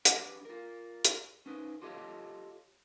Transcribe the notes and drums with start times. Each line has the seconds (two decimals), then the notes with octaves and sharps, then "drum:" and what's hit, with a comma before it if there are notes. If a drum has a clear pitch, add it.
0.05 D4 G4 G#4 B4, drum: hi-hat
0.45 F4 A#4
1.05 drum: hi-hat
1.46 C#4 D#4 B4
1.82 F4 G4 A4 C#5 D#5 F5